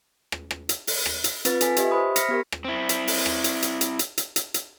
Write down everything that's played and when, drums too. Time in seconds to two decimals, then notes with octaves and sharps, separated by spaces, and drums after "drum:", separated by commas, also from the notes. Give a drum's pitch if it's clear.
0.32 drum: rim click
0.51 drum: rim click
0.69 drum: hi-hat
0.87 drum: open hi-hat
1.06 drum: rim click
1.24 drum: hi-hat
1.45 C4 F4 B4 A6, drum: hi-hat
1.61 F4 A4 B4 G#5 B6, drum: hi-hat
1.76 G4 D#5 E5, drum: hi-hat
1.91 C5 E5 B5 D#6
2.16 B5 F6 A#6 B6 C#7, drum: hi-hat
2.29 B3 G4 A#4
2.52 drum: rim click
2.64 C4 E4
2.89 drum: hi-hat
3.07 drum: open hi-hat
3.26 drum: rim click
3.44 drum: hi-hat
3.62 drum: hi-hat
3.81 drum: hi-hat
3.99 drum: hi-hat
4.17 drum: hi-hat
4.36 drum: hi-hat
4.54 drum: hi-hat